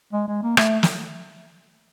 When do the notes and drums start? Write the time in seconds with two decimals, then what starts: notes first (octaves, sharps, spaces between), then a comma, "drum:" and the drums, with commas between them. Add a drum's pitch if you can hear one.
0.13 G#3
0.28 G#3
0.42 A#3
0.57 A3, drum: rim click
0.83 drum: snare